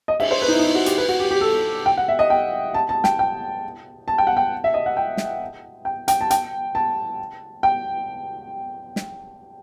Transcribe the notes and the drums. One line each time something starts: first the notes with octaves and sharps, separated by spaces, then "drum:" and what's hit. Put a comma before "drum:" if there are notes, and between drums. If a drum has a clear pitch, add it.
D#5
E5, drum: cymbal
C5
B4
D#4
E4
D#4
E4
F#4
G4, drum: hi-hat
B4
F#4
G4
G4
A4
G5
F#5
E5
D#5
G5
A5
A5
G5, drum: snare
G5
A5
G5
F#5
G5
E5
D#5
F#5
G5
drum: snare
G5
G5, drum: hi-hat
A5
G5, drum: hi-hat
A5
G5
drum: snare